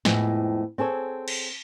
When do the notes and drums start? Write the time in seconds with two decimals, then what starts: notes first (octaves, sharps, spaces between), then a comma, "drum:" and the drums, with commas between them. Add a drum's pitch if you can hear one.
0.05 F2 A2 G#3 B3 C4, drum: snare
0.78 C4 G#4 A4 C#5
1.28 drum: cymbal